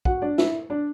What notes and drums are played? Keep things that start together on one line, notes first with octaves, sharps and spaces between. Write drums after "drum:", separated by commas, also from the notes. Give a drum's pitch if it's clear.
F#4 F#5, drum: kick
D4 D5
E4 E5, drum: snare
D4 D5